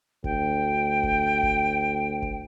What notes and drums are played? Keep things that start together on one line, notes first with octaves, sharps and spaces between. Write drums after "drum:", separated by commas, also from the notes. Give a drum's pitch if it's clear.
D2 G5, drum: kick F#1
drum: kick F#1
drum: kick F#1
drum: kick F#1